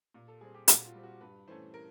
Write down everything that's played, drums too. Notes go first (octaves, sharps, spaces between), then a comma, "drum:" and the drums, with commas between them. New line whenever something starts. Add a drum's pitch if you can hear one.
A#2
A4
G3 C4 G#4
G4
A#2 F#4, drum: hi-hat
F4
G3 C4
F#4
G2 B4
E3 A3 C#4 C5
A#4